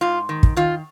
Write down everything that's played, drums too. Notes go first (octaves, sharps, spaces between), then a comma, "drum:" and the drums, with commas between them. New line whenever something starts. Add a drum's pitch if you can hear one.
G#2 F4
D#3
drum: kick
D#3 F4